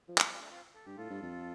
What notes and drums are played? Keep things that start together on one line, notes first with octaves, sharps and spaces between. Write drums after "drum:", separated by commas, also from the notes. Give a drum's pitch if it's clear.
F3
D4, drum: clap
G3 C4
F4
A3 D4
C4 F4
A4
G2 G4
A2 F4 A4
G2
F2